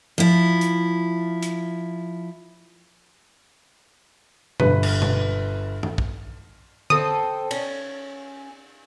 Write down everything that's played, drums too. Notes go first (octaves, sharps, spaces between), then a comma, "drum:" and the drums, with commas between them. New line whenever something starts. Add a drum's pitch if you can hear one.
F3 E4
drum: hi-hat
drum: hi-hat
G1 B4, drum: tom B2
drum: cymbal
drum: tom B2
drum: tom G2
drum: kick
C4 A4 D#6, drum: tom D3
C#4, drum: cymbal